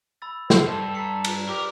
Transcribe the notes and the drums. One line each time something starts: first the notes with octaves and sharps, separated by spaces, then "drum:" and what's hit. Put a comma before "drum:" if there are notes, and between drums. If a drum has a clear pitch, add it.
B5 E6 A6
C5, drum: snare
G2 A4
A4 A#5 B6 C#7
drum: cymbal
G4 A#4